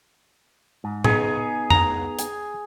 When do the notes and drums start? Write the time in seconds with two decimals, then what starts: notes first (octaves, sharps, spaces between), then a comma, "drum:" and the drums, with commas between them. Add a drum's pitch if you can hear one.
0.84 G#2
1.04 B3 D#4 G#4, drum: tom A2
1.70 A#5, drum: tom F2
2.19 G#5, drum: hi-hat